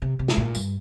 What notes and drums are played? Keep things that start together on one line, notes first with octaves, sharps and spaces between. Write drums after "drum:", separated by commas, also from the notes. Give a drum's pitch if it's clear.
C3
C3
drum: snare
A#2
G2, drum: tambourine